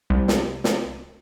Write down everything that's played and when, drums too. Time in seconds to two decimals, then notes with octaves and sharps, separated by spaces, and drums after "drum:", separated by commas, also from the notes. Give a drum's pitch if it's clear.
0.10 C2
0.28 drum: snare
0.64 drum: snare